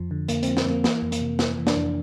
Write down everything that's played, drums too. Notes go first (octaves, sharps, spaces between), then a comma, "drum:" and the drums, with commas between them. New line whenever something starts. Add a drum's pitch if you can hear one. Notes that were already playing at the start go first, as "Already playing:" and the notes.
Already playing: F2 F3
D3
F2 A#3, drum: hi-hat
F3 C4, drum: hi-hat
C4, drum: snare
F2 A#3
E3 A#3, drum: snare
F2
A#3, drum: hi-hat
C3
F2, drum: snare
E3
D4, drum: snare
F2